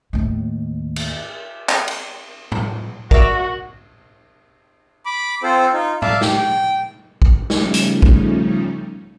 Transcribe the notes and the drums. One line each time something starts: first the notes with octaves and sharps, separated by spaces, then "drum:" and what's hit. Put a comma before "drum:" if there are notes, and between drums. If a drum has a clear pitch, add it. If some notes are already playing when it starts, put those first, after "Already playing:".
D#2 A2
drum: cymbal
drum: clap
drum: cymbal
drum: tom A2
F#4 A#4 D5 E5, drum: kick
B5 D6
C4 F4 A4 C5
D#4 F4
D5 E5 F5 A5, drum: tom A2
G4, drum: snare
G5
drum: kick
C#3 F3 G3 A3 C#4 D#4, drum: snare
drum: hi-hat
drum: kick